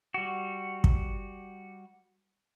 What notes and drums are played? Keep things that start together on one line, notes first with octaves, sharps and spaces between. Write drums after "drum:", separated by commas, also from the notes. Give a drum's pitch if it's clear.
G3 F#4
drum: kick